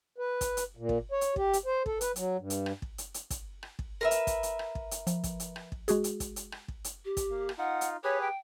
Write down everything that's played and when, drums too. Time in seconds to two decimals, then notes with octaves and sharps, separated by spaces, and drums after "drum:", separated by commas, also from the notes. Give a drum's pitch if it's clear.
0.18 B4
0.41 drum: kick, hi-hat
0.57 drum: hi-hat
0.77 A#2
0.89 drum: kick
1.12 C#5
1.21 drum: hi-hat
1.36 G4, drum: kick
1.53 drum: hi-hat
1.66 C5
1.86 A4, drum: kick
2.01 B4, drum: hi-hat
2.16 F#3, drum: hi-hat
2.38 G2
2.50 drum: hi-hat
2.66 drum: rim click
2.82 drum: kick
2.98 drum: hi-hat
3.14 drum: hi-hat
3.30 drum: kick, hi-hat
3.63 drum: rim click
3.79 drum: kick
4.01 A#4 B4 E5
4.11 drum: hi-hat
4.27 drum: kick, hi-hat
4.43 drum: hi-hat
4.59 drum: rim click
4.75 drum: kick
4.91 drum: hi-hat
5.07 F3, drum: hi-hat
5.24 drum: kick, hi-hat
5.40 drum: hi-hat
5.56 drum: rim click
5.72 drum: kick
5.88 G#3 F#4 G#4, drum: hi-hat
6.04 drum: hi-hat
6.20 drum: kick, hi-hat
6.36 drum: hi-hat
6.52 drum: rim click
6.68 drum: kick
6.84 drum: hi-hat
7.05 G4
7.17 drum: kick, hi-hat
7.30 A#3
7.49 drum: rim click
7.58 D#4 F4 F#5
7.81 drum: hi-hat
8.04 G4 G#4 B4 C#5
8.21 G5